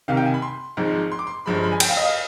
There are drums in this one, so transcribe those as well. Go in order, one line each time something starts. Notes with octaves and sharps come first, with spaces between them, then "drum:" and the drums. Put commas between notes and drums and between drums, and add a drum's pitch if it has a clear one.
C2 C3 D#3 F5
G5
G#5
B5
C6
G#1 G#2 F3 G#3
C6
D6
C6
G1 G2 F3 G#3 B5
C6
B5
G#5
G5, drum: cymbal
F5
D#5
F5